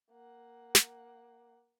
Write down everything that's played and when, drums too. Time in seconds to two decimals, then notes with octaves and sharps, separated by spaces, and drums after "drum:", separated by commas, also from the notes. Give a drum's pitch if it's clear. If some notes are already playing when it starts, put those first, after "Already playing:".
0.11 A#3 F#5
0.75 drum: snare